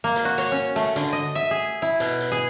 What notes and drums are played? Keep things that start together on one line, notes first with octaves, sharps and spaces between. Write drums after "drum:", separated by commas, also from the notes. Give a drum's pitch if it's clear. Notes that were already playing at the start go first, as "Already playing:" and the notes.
A#3
drum: hi-hat
F#4
C#5, drum: hi-hat
C#4
A3, drum: hi-hat
D3, drum: hi-hat
D#5
E5
G#4
E4
B2, drum: hi-hat
drum: hi-hat
G#4